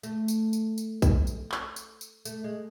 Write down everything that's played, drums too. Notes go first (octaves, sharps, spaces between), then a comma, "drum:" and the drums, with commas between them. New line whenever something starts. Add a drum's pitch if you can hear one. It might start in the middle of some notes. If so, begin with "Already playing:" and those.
A3, drum: tambourine
drum: tambourine
drum: tambourine
drum: tambourine
drum: kick A#1, tambourine
drum: tambourine
drum: clap
drum: tambourine
drum: tambourine
A3, drum: tambourine
G#3